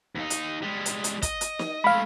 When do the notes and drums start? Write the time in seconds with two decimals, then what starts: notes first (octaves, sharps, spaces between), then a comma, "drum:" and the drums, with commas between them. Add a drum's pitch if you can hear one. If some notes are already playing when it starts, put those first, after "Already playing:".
0.15 D#2 D#4
0.30 drum: hi-hat
0.62 G3 G#3
0.86 drum: hi-hat
1.04 drum: hi-hat
1.22 D#5, drum: kick, hi-hat
1.41 drum: hi-hat
1.59 drum: snare
1.84 G#3 A3 F5 B5